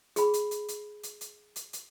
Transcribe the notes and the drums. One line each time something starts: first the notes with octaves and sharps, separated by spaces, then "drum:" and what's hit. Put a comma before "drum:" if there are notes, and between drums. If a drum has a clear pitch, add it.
G#4 B5, drum: hi-hat
drum: hi-hat
drum: hi-hat
drum: hi-hat
drum: hi-hat
drum: hi-hat
drum: hi-hat
drum: hi-hat